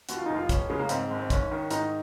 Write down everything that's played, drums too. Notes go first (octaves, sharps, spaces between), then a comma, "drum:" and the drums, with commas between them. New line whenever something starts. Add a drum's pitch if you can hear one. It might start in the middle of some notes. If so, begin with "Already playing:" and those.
D#2 F#4, drum: hi-hat
F4
F1 D#4
F4
F1 C#4, drum: kick, hi-hat
C#3 G#3
A#3
G#2 C4, drum: hi-hat
G#1
C4
G#1 C#4, drum: kick, hi-hat
D#3
G#2 D#4, drum: hi-hat